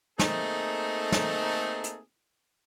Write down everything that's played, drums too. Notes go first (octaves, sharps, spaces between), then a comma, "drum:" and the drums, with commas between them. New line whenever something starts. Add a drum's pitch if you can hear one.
A3 A#3 C4 D#4 G#4 A4, drum: snare
drum: snare
drum: hi-hat